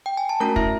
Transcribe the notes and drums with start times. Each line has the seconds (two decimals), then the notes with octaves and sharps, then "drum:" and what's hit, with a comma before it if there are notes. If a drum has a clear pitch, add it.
0.06 G5
0.17 G#5
0.29 A5
0.40 A3 C#4 F#4 A#4 A#5
0.56 E4 E5, drum: kick